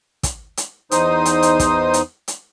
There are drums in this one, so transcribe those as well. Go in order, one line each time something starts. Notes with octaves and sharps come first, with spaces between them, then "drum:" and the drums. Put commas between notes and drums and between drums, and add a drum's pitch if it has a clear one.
drum: kick, hi-hat
drum: hi-hat
E2 D#4 C5 D#6, drum: hi-hat
drum: hi-hat
drum: hi-hat
drum: kick, hi-hat
drum: hi-hat
drum: hi-hat